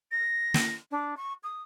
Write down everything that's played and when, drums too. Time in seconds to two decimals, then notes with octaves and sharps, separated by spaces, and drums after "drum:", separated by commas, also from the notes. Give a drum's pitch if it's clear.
0.11 A#6
0.54 drum: snare
0.91 D4
1.17 C#6
1.43 D#6